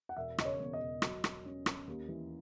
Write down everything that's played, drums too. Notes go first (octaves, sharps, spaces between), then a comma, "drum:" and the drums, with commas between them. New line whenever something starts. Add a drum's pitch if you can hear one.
F#5
E1 E5
C#3 D#5, drum: rim click
C#5
E2
D#5
E1
F#3, drum: rim click
F#3, drum: rim click
C#4
C#4, drum: rim click
D#2
E3